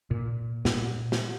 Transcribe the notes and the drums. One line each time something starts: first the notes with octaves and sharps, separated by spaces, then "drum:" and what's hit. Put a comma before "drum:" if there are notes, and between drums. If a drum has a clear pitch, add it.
A#2
A#2, drum: snare
drum: snare